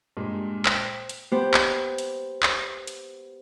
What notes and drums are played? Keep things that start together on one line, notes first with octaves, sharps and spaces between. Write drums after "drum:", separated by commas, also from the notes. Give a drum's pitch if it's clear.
G2 A#2 G#3
C5 G5 B6, drum: clap
drum: hi-hat
B3 G4 C5
drum: clap
drum: hi-hat
drum: clap
drum: hi-hat